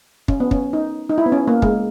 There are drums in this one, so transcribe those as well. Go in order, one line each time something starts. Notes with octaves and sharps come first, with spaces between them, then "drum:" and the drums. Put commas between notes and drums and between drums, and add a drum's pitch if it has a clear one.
C#4, drum: kick
B3
C#4, drum: kick
D#4
D#4
E4
B3
C#4
A#3
G#3, drum: kick